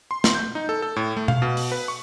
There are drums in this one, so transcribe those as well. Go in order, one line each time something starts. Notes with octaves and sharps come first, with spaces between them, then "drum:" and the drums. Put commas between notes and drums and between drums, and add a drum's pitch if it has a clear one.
C6
drum: snare
G6
D#4
A4
A4
A2
A3
F5, drum: tom B2
B2
drum: open hi-hat
B4
C#6